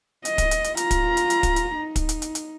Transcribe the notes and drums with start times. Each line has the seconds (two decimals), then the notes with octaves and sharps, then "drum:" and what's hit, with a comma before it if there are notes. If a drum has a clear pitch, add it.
0.25 D#5, drum: hi-hat
0.38 drum: kick, hi-hat
0.51 drum: hi-hat
0.64 drum: hi-hat
0.77 F4 A#5, drum: hi-hat
0.91 drum: kick, hi-hat
1.17 drum: hi-hat
1.30 drum: hi-hat
1.43 drum: kick, hi-hat
1.56 drum: hi-hat
1.76 D#4
1.96 drum: kick, hi-hat
2.09 drum: hi-hat
2.22 drum: hi-hat
2.35 drum: hi-hat